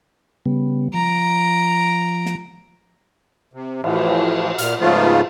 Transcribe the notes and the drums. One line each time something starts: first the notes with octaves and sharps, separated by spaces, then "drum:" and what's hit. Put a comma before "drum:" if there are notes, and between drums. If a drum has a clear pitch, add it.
C#3 G3 B3
F3 A#5 D7
drum: snare
C3
A2 E3 F3, drum: cymbal
A#2 F6, drum: hi-hat
G#2 C#3 F3 A3 B3 F4